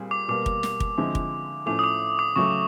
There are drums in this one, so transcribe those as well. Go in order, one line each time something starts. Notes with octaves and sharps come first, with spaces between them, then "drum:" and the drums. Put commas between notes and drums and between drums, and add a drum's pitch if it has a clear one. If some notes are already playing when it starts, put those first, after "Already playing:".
Already playing: A#2 G3 C4 G#4
D6
B2 G3 A#3 D6
drum: kick
drum: snare
drum: kick
D3 F3 G#3 C4 E4
drum: kick
A2 F3 A3 C#4 D6
D#6
D6
D6
C#3 F#3 A3 C#6